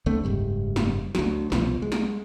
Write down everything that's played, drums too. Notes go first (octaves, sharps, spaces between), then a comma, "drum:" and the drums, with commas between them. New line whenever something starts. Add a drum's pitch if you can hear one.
C#2 D3 A3 C4
F#1 G#2 G3
drum: snare
D2 F#3, drum: snare
C2 B2 F3, drum: snare
G#3
drum: snare